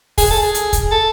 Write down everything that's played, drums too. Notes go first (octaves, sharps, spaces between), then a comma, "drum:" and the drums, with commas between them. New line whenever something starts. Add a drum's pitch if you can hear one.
G#4, drum: kick, open hi-hat
A4
G#4
drum: hi-hat
drum: kick, hi-hat
A4